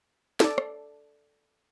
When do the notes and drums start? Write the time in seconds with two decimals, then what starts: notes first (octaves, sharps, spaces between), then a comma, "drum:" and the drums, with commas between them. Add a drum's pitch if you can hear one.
0.40 A4 D5, drum: snare
0.58 drum: rim click